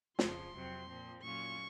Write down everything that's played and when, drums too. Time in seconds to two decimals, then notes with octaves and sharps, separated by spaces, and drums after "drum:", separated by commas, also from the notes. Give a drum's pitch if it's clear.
0.19 F2 C#3 F3 C6, drum: snare
0.53 F2 C3 F#3 C4
0.88 A#2 F3 C4
1.22 A#2 F#3 C#4 F4 C#6